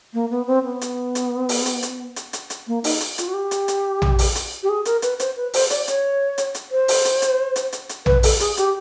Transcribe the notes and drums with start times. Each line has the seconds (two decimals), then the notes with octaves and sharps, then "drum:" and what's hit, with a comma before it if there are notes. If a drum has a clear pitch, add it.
0.14 A#3
0.31 B3
0.47 C4
0.64 B3
0.81 drum: hi-hat
1.15 drum: hi-hat
1.49 drum: open hi-hat
1.66 drum: hi-hat
1.83 drum: hi-hat
2.16 drum: hi-hat
2.33 drum: hi-hat
2.50 drum: hi-hat
2.67 A#3
2.84 D#4, drum: open hi-hat
3.01 drum: hi-hat
3.18 F4, drum: hi-hat
3.28 F#4
3.34 G4
3.51 drum: hi-hat
3.68 drum: hi-hat
4.02 drum: tom A#1
4.19 drum: open hi-hat
4.35 drum: hi-hat
4.63 G4
4.69 G#4
4.85 A#4, drum: hi-hat
5.02 B4, drum: hi-hat
5.20 C5, drum: hi-hat
5.36 B4
5.54 C5, drum: open hi-hat
5.70 D5, drum: hi-hat
5.88 C#5, drum: hi-hat
6.38 drum: hi-hat
6.55 drum: hi-hat
6.71 C5
6.88 drum: open hi-hat
7.05 drum: hi-hat
7.22 drum: hi-hat
7.56 drum: hi-hat
7.73 drum: hi-hat
7.89 drum: hi-hat
8.06 B4, drum: tom A#1
8.23 A4, drum: open hi-hat
8.40 G#4, drum: hi-hat
8.57 G4, drum: hi-hat